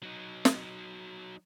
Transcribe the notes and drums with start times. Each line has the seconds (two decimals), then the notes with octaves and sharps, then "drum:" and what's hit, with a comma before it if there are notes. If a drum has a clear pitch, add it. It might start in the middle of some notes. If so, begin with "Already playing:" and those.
0.03 F#3 D#4
0.45 drum: snare